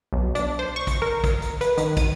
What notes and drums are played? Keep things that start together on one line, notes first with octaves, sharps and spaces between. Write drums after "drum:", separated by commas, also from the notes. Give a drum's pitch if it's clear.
B1
D4, drum: hi-hat
C5
C#6
drum: kick, hi-hat
A#4
drum: kick, hi-hat
drum: hi-hat
B4, drum: hi-hat
D#3, drum: hi-hat
D#7, drum: kick, hi-hat